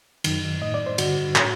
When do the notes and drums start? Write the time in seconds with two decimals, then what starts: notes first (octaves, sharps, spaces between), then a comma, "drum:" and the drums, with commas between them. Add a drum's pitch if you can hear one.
0.24 F#2 D#3, drum: cymbal
0.62 A2 D#5
0.74 D5
0.86 C5
0.98 G2 D3 F#4, drum: cymbal
1.36 A2, drum: clap